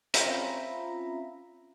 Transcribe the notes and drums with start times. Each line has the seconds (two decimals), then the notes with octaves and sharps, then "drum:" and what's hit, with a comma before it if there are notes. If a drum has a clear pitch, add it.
0.14 C4 C#4 F4 E5 A#5 B5, drum: hi-hat